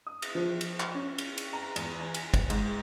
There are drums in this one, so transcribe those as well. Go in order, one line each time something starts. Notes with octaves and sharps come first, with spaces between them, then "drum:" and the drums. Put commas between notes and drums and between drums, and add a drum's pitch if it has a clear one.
D#6
drum: cymbal
F3
drum: cymbal
drum: clap
C#4
drum: cymbal
drum: cymbal
A#5
E2, drum: cymbal
G#5
drum: cymbal
drum: kick, cymbal
G#2, drum: cymbal